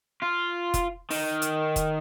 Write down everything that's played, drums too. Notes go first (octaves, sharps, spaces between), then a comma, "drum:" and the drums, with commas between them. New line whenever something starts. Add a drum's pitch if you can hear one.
F4
drum: kick F1, hi-hat
D#3, drum: open hi-hat
drum: hi-hat
drum: kick F1, hi-hat